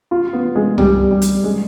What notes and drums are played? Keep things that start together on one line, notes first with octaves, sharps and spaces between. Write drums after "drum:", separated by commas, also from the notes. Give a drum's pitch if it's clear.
F4
B3
G#3
G3, drum: tom C2
G3
drum: hi-hat
G#3